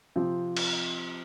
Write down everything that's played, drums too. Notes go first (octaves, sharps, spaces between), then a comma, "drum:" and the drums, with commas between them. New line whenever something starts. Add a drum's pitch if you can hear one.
C3 F3 C4 F4
drum: cymbal